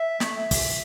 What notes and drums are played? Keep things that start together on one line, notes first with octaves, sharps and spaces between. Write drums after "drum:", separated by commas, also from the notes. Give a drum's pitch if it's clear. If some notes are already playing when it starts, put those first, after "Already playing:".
Already playing: E5
A3, drum: snare
drum: kick, open hi-hat